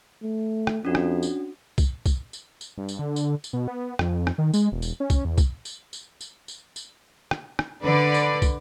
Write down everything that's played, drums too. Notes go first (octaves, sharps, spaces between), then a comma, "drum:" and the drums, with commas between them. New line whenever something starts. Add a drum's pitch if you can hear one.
A3
drum: rim click
F2 C#4 D4 F#4
drum: rim click
drum: tambourine
drum: kick, tambourine
drum: kick, tambourine
drum: tambourine
drum: tambourine
G2
drum: tambourine
D3
drum: tambourine
drum: tambourine
B2
B3
F2, drum: rim click
drum: rim click
D#3
G#3, drum: tambourine
E1
drum: tambourine
C#4
drum: kick, tambourine
E2
drum: kick, tambourine
drum: tambourine
drum: tambourine
drum: tambourine
drum: tambourine
drum: tambourine
drum: rim click
drum: rim click
D3 B4 D5
drum: tambourine
drum: kick, tambourine